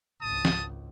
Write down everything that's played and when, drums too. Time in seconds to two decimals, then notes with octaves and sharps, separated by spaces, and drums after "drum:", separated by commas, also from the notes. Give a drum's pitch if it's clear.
0.21 G#1 C#2 A5 D#6
0.45 drum: snare